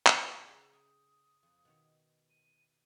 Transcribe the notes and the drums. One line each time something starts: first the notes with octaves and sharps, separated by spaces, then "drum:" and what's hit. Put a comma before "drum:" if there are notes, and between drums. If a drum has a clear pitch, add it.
drum: clap
C#3
G5 G#5 D#6
F2
B2 D#3 C#5
D#7